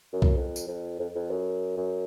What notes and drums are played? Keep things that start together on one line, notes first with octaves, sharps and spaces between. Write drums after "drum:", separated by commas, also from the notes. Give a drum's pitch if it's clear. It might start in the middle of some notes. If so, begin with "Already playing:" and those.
F#2
drum: kick
F2
drum: tambourine
F2
F2
F2
F#2
F#2